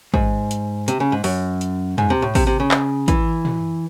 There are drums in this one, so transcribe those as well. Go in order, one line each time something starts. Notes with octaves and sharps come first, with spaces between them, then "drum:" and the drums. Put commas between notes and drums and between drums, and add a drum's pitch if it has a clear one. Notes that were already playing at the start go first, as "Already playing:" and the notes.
G#2, drum: kick
drum: hi-hat
C3, drum: hi-hat
C#3
G#2
F#2, drum: open hi-hat
drum: hi-hat
G#2, drum: tom
C3
A2
C3, drum: kick, open hi-hat
C3
C#3
drum: clap
E3, drum: kick, hi-hat
drum: tom